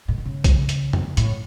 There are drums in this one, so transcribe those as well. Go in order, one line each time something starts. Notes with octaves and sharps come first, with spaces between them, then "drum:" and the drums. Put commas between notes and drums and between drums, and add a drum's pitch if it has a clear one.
A2
D3
C#3
drum: kick B1, hi-hat
drum: hi-hat
drum: tom E2
A2, drum: hi-hat